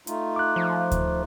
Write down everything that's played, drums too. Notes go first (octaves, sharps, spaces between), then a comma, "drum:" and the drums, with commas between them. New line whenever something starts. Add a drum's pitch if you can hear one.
A3 D#4 F4, drum: hi-hat
D6 F#6
F3
drum: kick D2, hi-hat